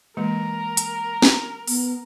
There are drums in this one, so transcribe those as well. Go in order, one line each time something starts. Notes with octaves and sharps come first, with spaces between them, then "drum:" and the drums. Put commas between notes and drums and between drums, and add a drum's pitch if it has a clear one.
E3 G#3 A#3 A#4
drum: hi-hat
drum: snare
B3, drum: open hi-hat